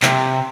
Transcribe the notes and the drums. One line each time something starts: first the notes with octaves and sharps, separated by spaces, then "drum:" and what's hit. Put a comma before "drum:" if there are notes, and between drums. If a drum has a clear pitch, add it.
C3, drum: clap